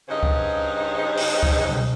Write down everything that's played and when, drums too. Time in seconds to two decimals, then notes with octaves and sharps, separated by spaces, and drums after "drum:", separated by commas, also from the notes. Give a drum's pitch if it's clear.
0.08 G2 C#3 D#4 G#4 C5
0.23 drum: kick C#2
1.17 drum: open hi-hat
1.43 drum: kick C#2
1.69 drum: tom B2